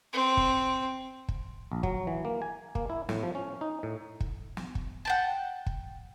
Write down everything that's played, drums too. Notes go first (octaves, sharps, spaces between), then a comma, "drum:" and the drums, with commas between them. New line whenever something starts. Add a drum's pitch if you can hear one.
C4
drum: kick
drum: kick
A#1
F#3, drum: kick
E3
A#3
G#5
A#3, drum: kick
E4
A2, drum: snare
F3
C#4
D#4
A2
drum: kick
drum: snare
drum: kick
F#5 G5 A5
drum: kick